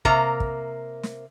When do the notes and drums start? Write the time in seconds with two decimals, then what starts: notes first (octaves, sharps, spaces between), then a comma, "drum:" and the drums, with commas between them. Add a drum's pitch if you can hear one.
0.05 C3 A#3 A#5, drum: kick
0.40 drum: kick
1.03 drum: snare